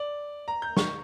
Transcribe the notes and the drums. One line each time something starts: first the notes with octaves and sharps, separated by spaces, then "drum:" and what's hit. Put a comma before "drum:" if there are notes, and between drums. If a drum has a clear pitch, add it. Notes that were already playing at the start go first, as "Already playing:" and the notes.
Already playing: D5
A#5
G6
C#6, drum: snare